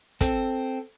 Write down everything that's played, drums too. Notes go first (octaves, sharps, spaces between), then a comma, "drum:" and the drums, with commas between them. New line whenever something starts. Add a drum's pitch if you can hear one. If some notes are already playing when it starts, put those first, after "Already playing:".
C4 A4, drum: kick, hi-hat